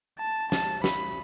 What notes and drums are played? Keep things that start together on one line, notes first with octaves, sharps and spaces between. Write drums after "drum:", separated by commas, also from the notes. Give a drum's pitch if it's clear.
A5
A5, drum: snare
B5, drum: snare